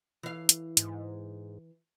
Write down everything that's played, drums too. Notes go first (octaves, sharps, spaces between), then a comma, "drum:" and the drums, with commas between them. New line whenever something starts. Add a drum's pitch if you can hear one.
E3 F5
drum: hi-hat
G#2, drum: hi-hat